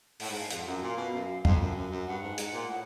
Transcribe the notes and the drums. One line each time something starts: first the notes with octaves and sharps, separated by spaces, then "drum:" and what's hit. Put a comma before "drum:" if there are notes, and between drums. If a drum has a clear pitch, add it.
A2 F#5, drum: open hi-hat
G#2
F5
F2 F#5, drum: hi-hat
F#2 F#5
A#2 F5
B2
F#2
F2, drum: tom
F#2
F#2
F#2
G2 F#5
G#2
G#2, drum: hi-hat
A#2
A2